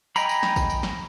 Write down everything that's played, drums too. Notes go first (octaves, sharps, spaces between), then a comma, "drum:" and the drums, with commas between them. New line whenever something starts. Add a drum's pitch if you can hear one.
D#5 G5 G#5 A#5 B5, drum: tambourine
drum: tambourine
drum: snare
drum: kick, tambourine
drum: tambourine
drum: snare